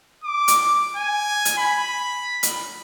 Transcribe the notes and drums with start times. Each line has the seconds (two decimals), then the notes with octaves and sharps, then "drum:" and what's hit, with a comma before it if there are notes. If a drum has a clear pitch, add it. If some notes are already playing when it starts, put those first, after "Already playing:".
0.24 D6
0.48 drum: hi-hat
0.96 G#5
1.45 drum: hi-hat
1.58 B5
2.43 drum: hi-hat